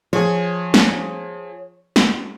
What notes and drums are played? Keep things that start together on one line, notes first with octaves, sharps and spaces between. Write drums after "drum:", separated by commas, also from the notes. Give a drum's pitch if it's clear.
F3 G#4 C#5
drum: snare
drum: snare